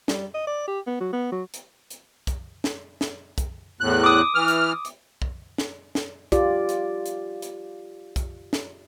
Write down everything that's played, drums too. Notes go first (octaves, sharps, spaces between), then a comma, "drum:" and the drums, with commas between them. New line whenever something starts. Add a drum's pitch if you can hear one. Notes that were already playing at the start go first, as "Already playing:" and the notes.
G3, drum: snare
D#5
D5
G4
B3
F#3
B3
F#3
drum: hi-hat
drum: hi-hat
drum: kick B1, hi-hat
drum: snare
drum: snare
drum: kick B1, hi-hat
E2 A2 F#6
D6 D#6
E3 F6
drum: hi-hat
drum: hi-hat
drum: kick B1
drum: snare
drum: snare
F4 G4 D5, drum: kick B1, hi-hat
drum: hi-hat
drum: hi-hat
drum: hi-hat
drum: kick B1, hi-hat
drum: snare